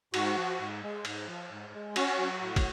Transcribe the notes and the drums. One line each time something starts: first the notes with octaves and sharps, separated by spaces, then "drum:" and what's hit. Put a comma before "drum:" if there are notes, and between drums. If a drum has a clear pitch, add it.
G#2 F#4, drum: cymbal
F3
G#2
G#3
G#2, drum: cymbal
F3
G#2
G#3
C#4 F#4, drum: cymbal
F#3
A2
drum: kick, cymbal